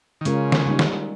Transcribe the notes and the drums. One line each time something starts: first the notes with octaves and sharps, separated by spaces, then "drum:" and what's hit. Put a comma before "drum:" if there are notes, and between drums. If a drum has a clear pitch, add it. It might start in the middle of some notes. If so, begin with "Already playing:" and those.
D#3
C#3 G#3 C#4 F4 A#4, drum: hi-hat
drum: snare
G3 A#3 D#4
drum: snare